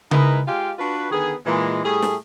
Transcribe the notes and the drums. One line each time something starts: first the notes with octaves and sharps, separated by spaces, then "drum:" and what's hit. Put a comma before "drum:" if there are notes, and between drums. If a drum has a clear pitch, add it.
G#3 D#4 E4 A#4 B4 D#5, drum: tom C#3
G#3 F4 G4 F5 G5
D4 F4 F#4 B4
D3 D#3 B3 G#4
A#2 E3 G#3
A2 G3 A3 G#4
drum: snare